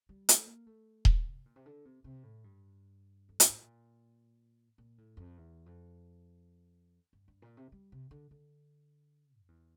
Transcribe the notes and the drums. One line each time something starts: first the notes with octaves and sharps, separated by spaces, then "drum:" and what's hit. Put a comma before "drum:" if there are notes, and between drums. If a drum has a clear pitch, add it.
G3
A3, drum: hi-hat
A#3
A3
drum: kick D#1
C3
A#2
C3
D3
C3
C3
A2
G2
F2
G2, drum: hi-hat
A2
A#2
A#2
A2
F2
E2
F2
G2
G2
A#2
C3
G3
C3
D3
D3
F2
E2